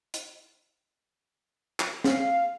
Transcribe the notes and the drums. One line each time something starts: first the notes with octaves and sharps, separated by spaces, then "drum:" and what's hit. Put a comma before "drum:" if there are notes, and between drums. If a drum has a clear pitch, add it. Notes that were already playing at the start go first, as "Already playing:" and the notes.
drum: hi-hat
drum: clap
F5, drum: snare